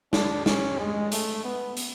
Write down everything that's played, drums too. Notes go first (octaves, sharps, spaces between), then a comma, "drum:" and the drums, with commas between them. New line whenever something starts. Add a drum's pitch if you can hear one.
D4, drum: snare
C#4, drum: snare
G#3
A3, drum: hi-hat
B3
drum: hi-hat